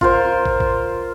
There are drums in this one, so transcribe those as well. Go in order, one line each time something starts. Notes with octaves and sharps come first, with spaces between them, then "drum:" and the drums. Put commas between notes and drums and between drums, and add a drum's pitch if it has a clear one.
F4 A#4 C5, drum: kick
drum: kick
drum: kick